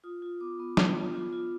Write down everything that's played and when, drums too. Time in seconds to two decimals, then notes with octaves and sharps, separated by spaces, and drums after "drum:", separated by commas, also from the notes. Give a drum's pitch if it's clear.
0.04 F4 D#6
0.22 F4
0.40 B3 D6
0.60 B3
0.77 B3, drum: snare
0.96 F4
1.15 F4
1.33 F4